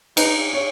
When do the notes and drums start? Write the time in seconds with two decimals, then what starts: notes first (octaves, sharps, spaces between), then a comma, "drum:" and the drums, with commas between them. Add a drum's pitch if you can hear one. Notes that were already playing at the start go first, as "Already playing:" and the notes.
0.17 D#4 B4 D#5, drum: cymbal
0.53 C#5